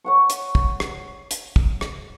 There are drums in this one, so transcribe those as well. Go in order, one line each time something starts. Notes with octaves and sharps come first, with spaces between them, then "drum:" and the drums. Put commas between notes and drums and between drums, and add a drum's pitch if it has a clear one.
C#5 F#5 C#6
drum: hi-hat
drum: kick
drum: rim click
drum: hi-hat
drum: kick
drum: rim click